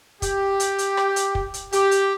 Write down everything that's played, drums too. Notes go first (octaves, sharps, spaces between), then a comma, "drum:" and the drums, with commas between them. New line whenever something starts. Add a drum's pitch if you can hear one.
G4, drum: kick, hi-hat
drum: hi-hat
drum: hi-hat
drum: rim click
drum: hi-hat
drum: kick
drum: hi-hat
G4, drum: hi-hat
drum: hi-hat